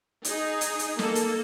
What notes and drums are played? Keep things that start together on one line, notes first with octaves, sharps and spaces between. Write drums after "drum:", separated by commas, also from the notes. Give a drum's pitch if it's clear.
D#4 G#4, drum: hi-hat
drum: hi-hat
drum: hi-hat
A#3 A4, drum: snare
drum: hi-hat